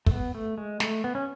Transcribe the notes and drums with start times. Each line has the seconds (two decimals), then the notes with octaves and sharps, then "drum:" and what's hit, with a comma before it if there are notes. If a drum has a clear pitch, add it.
0.06 A3, drum: kick
0.11 B3
0.35 A3
0.58 G#3
0.80 A3, drum: snare
1.04 B3
1.15 C#4